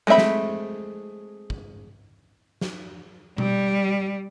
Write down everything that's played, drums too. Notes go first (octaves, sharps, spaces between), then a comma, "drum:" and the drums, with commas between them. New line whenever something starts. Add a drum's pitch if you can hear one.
G#3 A3 C4 E5 B5
drum: snare
drum: kick
drum: snare
G3, drum: tom B2